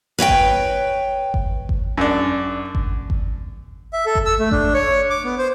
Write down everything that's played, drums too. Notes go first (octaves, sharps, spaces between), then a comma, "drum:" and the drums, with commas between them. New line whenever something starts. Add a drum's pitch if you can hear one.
B4 C#5 E5 G5
drum: kick G1
drum: kick G1
drum: kick G1
F#2 D4
drum: kick G1
drum: kick G1
E5
A4
drum: kick G1
E6
A3
D4, drum: kick G1
C#5
D6
B3
C5